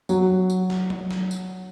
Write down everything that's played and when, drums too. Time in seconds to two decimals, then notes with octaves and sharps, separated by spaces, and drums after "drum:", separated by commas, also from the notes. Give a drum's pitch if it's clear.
0.09 F#3, drum: tambourine
0.50 drum: tambourine
0.70 drum: snare
0.90 drum: tom F#3
1.11 drum: snare
1.31 drum: tambourine